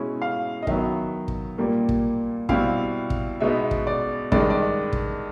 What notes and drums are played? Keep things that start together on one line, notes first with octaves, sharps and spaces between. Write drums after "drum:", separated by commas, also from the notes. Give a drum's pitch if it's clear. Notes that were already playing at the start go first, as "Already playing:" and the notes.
Already playing: B2 G#3 C#4 E4
F5
D#5
D#3 F#3 B3 E5, drum: kick
drum: kick
A#2 G3 A#3
drum: kick
B2 G3 C4 E4 F5, drum: kick
drum: kick
B2 G#3 B3 D#4 E5
drum: kick
D5
G2 D#3 G#3 D5, drum: kick
D#5
D5
drum: kick